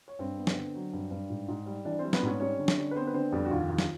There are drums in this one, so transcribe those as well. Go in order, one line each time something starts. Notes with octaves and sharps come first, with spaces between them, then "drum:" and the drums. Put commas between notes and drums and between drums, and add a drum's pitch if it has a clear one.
C#5
G2 C4 C5
B3
drum: snare
D3
F#3
G2
G2
G#2
G#2
G3
E3 D4 D5
G3 C4 C5
B3 B4, drum: snare
G#2 C#4 C#5
G3 C#4 C#5
D3
drum: snare
D3
B4
B3 C4 C5
B4
D3 C4 C5
F2 G3 G4
F#4
D#2 F4
D#2
drum: snare